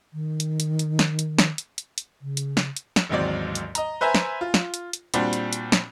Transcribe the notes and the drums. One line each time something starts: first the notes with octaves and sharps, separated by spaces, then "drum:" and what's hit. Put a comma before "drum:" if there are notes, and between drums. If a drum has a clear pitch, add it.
D#3
drum: hi-hat
drum: hi-hat
drum: hi-hat
drum: snare
drum: hi-hat
drum: snare
drum: hi-hat
drum: hi-hat
drum: hi-hat
C#3
drum: hi-hat
drum: snare
drum: hi-hat
drum: snare
A1 D#2 G#2 F#3 C4 D5
drum: hi-hat
D#5 A#5, drum: hi-hat
B4 C5 E5 G#5 A#5
drum: snare
F4
drum: snare
drum: hi-hat
drum: hi-hat
A#2 G3 C4 D4 F#4, drum: hi-hat
drum: hi-hat
drum: hi-hat
drum: snare